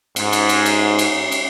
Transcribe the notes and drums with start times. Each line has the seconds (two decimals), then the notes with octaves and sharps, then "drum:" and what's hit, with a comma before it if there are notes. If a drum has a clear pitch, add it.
0.16 G#2, drum: cymbal
0.33 drum: cymbal
0.49 drum: cymbal
0.66 drum: cymbal
0.99 drum: cymbal
1.32 drum: cymbal